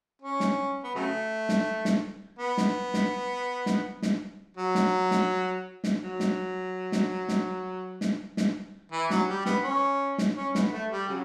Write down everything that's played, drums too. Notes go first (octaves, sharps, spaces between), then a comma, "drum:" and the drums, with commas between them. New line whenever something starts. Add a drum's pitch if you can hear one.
C#4
drum: snare
B3
C#3 F#3 A3
drum: snare
drum: snare
B3
drum: snare
drum: snare
drum: snare
drum: snare
F#3
drum: snare
drum: snare
drum: snare
F#3
drum: snare
drum: snare
drum: snare
drum: snare
drum: snare
E3
F#3, drum: snare
G3
B3, drum: snare
C#4
drum: snare
C#4
B3, drum: snare
A3
G3
C#3 F#3